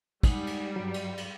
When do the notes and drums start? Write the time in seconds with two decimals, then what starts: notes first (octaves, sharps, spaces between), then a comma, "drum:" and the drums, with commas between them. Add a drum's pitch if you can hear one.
0.23 G3 G#3 D#4 F#5, drum: kick, cymbal
0.47 drum: cymbal
0.76 G2 F#3 D5
0.94 drum: cymbal
1.17 drum: cymbal